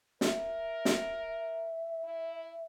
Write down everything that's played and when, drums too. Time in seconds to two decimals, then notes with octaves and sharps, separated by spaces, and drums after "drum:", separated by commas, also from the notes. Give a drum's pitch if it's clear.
0.21 A#4 E5, drum: snare
0.85 drum: snare
2.04 E4